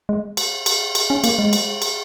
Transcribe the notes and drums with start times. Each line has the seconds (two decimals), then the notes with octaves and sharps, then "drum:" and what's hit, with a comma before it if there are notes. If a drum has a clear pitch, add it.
0.09 G#3
0.37 drum: cymbal
0.66 drum: cymbal
0.95 drum: cymbal
1.10 C#4
1.24 A#3, drum: cymbal
1.39 G#3
1.53 drum: cymbal
1.82 drum: cymbal